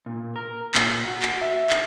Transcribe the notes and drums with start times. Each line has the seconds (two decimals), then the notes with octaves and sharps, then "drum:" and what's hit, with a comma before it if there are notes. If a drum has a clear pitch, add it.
0.06 A#2
0.36 A#4
0.75 A#2, drum: clap
1.06 F#4
1.22 drum: clap
1.41 E5
1.70 drum: clap